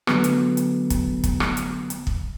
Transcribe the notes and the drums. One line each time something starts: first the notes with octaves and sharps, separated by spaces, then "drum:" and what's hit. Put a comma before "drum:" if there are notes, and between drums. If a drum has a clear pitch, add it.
D3 F#3 A3 B3, drum: rim click
drum: hi-hat
drum: hi-hat
drum: kick, hi-hat
drum: kick, hi-hat
drum: rim click
drum: hi-hat
drum: hi-hat
drum: kick